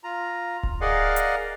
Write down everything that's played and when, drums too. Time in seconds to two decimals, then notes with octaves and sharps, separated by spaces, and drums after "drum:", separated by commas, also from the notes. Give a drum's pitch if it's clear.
0.04 F4 A#5
0.63 drum: kick D1
0.81 G#4 A#4 D5 D#5 F5 F#5
1.16 drum: hi-hat